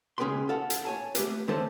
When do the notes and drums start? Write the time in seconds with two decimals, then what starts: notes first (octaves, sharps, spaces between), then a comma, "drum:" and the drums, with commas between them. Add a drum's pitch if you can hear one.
0.18 C#2 C#4 G#4 B4 G5 C6
0.49 A4 F5 F#5
0.70 drum: hi-hat
0.85 C#5 G#5 A5
1.15 A3 A#3 G4 B4, drum: hi-hat
1.48 D3 D#3 A3 C#4 A4 C5